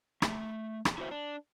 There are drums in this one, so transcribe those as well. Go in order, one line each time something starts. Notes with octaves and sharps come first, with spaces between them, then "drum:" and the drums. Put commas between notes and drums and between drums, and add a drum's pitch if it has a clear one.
A3, drum: rim click
drum: rim click
E4 F#4 A4 C5 E5
D4